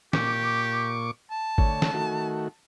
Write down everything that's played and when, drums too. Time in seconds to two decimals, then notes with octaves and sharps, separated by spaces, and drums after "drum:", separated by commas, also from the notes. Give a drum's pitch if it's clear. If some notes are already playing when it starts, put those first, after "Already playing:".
0.13 A#2 G4 C#6 D6, drum: snare
1.31 A5
1.58 D3 A3 C#5, drum: kick G#1
1.82 drum: snare
1.94 D#3 A3 F#4